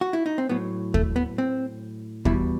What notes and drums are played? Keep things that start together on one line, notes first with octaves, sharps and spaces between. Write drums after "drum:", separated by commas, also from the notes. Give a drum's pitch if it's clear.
F#4
E4
D#4
C4
A2 F#3 B3
A3, drum: kick D#2
B3
C4
E2 B2 G3 E4, drum: kick D#2